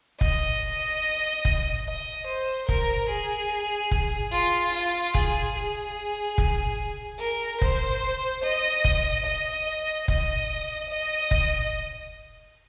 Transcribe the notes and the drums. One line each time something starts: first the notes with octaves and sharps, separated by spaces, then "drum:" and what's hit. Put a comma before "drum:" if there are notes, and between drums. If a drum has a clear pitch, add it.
D#5, drum: kick
drum: kick
D#5
C5
A#4, drum: kick
G#4
drum: kick
F4
F4
G#4, drum: kick
G#4
drum: kick
A#4
C5, drum: kick
D#5
drum: kick
D#5
D#5, drum: kick
D#5
drum: kick